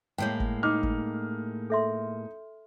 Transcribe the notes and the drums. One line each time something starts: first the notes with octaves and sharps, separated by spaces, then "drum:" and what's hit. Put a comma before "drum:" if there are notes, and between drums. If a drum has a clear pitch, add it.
A2 G#3 A#3 C#5 G5
drum: kick G1
D#4 D6 F6
drum: kick G1
A4 E5 C6